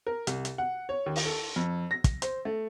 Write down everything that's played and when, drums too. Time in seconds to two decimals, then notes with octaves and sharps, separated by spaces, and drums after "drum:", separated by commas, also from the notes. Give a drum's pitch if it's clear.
0.07 A#4
0.27 C2, drum: hi-hat
0.45 drum: hi-hat
0.58 F#5
0.89 C#5
1.06 D#2
1.16 drum: open hi-hat
1.25 A4
1.56 F2
1.91 A#6
2.04 drum: kick, hi-hat
2.22 C5, drum: hi-hat
2.45 A3